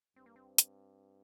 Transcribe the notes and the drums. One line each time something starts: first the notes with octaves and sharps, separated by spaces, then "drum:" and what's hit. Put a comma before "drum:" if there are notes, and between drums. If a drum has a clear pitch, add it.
G2 C4
A#3
C4
drum: hi-hat